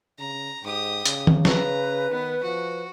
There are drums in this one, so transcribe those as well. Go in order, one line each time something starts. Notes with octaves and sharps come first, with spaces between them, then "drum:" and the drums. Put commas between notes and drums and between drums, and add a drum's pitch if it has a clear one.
C#3 A#5
G#2 G4 D#6
C#3, drum: hi-hat
drum: tom D#3
B4 A#5, drum: snare
D#3 B3
F3 F#4